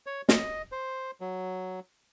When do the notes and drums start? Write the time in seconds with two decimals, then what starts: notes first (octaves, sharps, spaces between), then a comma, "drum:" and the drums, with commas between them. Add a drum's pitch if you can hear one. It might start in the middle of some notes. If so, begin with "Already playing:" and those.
0.06 C#5
0.29 D#5, drum: snare
0.72 C5
1.21 F#3